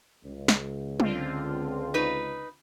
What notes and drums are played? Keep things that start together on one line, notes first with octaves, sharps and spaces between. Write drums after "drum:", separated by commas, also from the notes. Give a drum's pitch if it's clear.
C#2
drum: snare
D3 C4 F4, drum: tom
D#4 B4